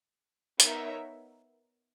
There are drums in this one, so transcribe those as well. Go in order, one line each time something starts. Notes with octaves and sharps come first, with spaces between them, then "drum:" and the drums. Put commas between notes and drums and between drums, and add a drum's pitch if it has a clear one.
B3 D#4 A#4 C#5 E5, drum: hi-hat